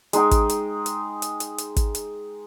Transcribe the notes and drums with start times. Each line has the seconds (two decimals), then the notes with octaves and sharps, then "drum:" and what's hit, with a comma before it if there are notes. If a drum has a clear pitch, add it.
0.13 G#3 D#4 G5, drum: hi-hat
0.31 drum: kick, hi-hat
0.50 drum: hi-hat
0.86 drum: hi-hat
1.22 drum: hi-hat
1.40 drum: hi-hat
1.58 drum: hi-hat
1.76 drum: kick, hi-hat
1.95 drum: hi-hat